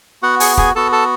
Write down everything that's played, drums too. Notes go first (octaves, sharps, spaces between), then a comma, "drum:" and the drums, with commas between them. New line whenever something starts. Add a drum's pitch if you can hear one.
B3 F#4 F#5
G#4 G#5, drum: open hi-hat
G#4 G#5, drum: kick
B3 F#4 A4 A5
A4 A5